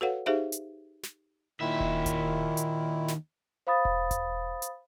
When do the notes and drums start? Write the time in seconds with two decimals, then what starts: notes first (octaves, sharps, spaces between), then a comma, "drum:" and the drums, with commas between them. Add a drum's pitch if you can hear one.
0.01 F#4 A4 B4 C#5 F5 F#5
0.26 D#4 G4 G#4 C5 E5 F5
0.52 drum: hi-hat
1.03 drum: snare
1.60 D#2 A#2 D#3 E4 E5
1.80 drum: kick E1
2.06 drum: kick E1, hi-hat
2.57 drum: hi-hat
3.08 drum: snare
3.67 C5 F5 B5 D#6 A6
3.85 drum: kick E1
4.11 drum: kick E1, hi-hat
4.62 drum: hi-hat